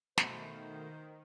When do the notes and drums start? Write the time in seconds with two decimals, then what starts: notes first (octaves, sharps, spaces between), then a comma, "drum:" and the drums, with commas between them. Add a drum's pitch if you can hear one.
0.18 B2 D#3 A3 C5 F5, drum: snare